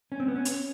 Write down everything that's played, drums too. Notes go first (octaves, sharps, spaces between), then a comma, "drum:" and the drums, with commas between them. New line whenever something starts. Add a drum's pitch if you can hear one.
C#4
C4
B3
C#4
drum: hi-hat